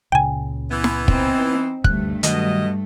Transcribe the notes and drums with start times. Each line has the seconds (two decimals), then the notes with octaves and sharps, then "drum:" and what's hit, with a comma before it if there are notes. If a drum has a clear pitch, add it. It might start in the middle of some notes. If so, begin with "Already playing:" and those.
0.12 C#2 A#2 C#3 G5 G#5
0.69 E3 B3
0.84 drum: snare
1.08 C4 D#4, drum: kick
1.84 D2 G2 A3 F#6, drum: kick
2.23 D2 B2 D#3 F#3 D#5, drum: hi-hat